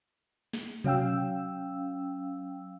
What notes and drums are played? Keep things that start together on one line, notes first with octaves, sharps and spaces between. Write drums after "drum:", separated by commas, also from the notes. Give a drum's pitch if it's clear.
drum: snare
F#3 C#4 F5 G5 E6, drum: tom B2